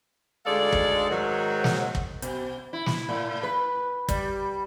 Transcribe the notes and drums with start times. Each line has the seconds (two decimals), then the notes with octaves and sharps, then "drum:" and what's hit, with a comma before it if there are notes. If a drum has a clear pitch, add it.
0.46 D2 G#3 D#4 A4 D5 F5
0.72 drum: kick
1.09 G#2 D#3 F#3
1.64 drum: snare
1.95 drum: kick
2.22 B2, drum: hi-hat
2.73 E4
2.86 drum: snare
3.09 A2
3.43 B4
4.08 G3, drum: kick, hi-hat